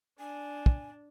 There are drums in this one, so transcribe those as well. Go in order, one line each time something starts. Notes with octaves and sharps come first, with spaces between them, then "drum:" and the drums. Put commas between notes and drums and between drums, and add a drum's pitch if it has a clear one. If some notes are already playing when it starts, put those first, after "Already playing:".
D4 G#5
drum: kick